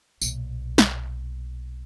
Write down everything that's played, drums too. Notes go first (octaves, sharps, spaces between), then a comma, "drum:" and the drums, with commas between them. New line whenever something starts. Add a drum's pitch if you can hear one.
B1 A#2, drum: tambourine
drum: snare